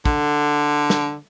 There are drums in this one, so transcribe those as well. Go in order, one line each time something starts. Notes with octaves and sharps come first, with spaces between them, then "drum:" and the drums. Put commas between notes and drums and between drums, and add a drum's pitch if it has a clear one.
D3, drum: kick
drum: snare